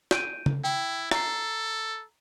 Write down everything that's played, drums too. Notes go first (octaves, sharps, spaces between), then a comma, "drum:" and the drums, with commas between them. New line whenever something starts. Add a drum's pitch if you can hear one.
G6 D7 D#7, drum: snare
drum: tom C#3
E4 G5
A4 A#5 C7, drum: rim click